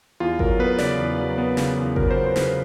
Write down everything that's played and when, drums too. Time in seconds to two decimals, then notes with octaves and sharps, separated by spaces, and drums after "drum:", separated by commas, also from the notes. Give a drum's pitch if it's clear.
0.20 E2 F4
0.39 F#3 A#4, drum: kick G#1
0.59 B3 B4
0.78 C#3 D5, drum: snare
0.99 E2
1.19 F#3
1.38 B3
1.57 C#3, drum: snare
1.77 E2
1.96 F#3 A#4, drum: kick G#1
2.11 C5
2.16 B3
2.26 C5
2.36 C#3 B4, drum: snare